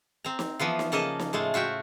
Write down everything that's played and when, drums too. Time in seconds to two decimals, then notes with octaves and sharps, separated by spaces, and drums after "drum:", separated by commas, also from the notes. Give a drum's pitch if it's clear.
0.24 C4 A#5
0.39 drum: snare
0.59 E3 F3 B3 F4
0.79 drum: snare
0.92 C#3 A#3 A4 A#4 D#5 A5
1.19 drum: snare
1.33 A2 G#3 A3 F4
1.54 F4 F#4 E5 G5